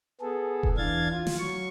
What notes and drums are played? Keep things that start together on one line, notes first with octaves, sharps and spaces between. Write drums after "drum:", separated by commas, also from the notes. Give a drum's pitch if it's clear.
B3 G#4 A4
drum: kick E1
E2 E3 D4 F5 G#6 A6
F4
drum: snare
F#3 C#6